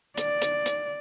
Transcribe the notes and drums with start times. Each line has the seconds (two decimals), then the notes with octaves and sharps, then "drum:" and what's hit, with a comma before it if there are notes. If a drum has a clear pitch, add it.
0.17 D5, drum: hi-hat
0.42 drum: hi-hat
0.66 drum: hi-hat